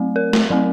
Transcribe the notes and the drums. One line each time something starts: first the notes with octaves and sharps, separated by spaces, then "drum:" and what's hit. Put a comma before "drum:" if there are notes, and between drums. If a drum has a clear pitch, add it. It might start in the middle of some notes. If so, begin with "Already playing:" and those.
Already playing: F#3 A3 C4
A#4
drum: snare A3
F#3 A3 C4